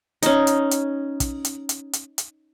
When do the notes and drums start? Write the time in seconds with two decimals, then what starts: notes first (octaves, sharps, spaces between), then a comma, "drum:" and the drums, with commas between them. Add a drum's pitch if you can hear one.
0.22 C#4 D#4, drum: hi-hat
0.47 drum: hi-hat
0.71 drum: hi-hat
1.20 drum: kick, hi-hat
1.45 drum: hi-hat
1.69 drum: hi-hat
1.93 drum: hi-hat
2.18 drum: hi-hat